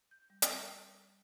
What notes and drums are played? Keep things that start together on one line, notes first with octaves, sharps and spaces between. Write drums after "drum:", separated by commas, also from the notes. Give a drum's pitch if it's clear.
G6
G3
drum: hi-hat